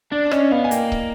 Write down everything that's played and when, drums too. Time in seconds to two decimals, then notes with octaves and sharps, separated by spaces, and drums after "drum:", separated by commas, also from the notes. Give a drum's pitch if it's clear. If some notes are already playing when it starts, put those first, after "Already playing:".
0.11 D4 D5
0.31 C#4 D#5, drum: rim click
0.51 B3 F5
0.64 G#5
0.71 A#3 G5, drum: hi-hat
0.92 drum: kick